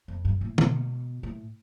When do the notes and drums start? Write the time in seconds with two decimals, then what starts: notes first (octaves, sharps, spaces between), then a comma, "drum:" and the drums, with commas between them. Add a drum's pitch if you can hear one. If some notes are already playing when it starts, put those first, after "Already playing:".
0.08 F2
0.25 G2
0.41 A2
0.58 B2, drum: tom D3
1.23 A2